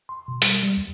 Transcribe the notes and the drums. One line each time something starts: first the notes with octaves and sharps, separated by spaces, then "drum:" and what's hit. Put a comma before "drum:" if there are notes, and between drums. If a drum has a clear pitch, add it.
C6
B2
G3, drum: hi-hat
G3
D#2